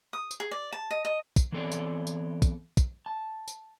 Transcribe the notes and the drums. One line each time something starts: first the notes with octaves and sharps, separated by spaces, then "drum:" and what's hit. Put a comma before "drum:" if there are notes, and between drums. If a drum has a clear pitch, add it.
D#6
drum: tambourine
G#4
D5
A5
D#5
D#5
drum: kick, tambourine
E3 B3 C4 A4 C#5 D5
drum: tambourine
drum: tambourine
drum: kick, tambourine
drum: kick, tambourine
A5
drum: tambourine